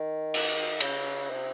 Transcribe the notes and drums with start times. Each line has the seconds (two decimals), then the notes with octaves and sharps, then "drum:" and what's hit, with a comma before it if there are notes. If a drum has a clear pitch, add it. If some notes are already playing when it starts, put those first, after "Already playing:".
Already playing: D#3
0.34 drum: cymbal
0.80 C#3, drum: cymbal
1.30 C3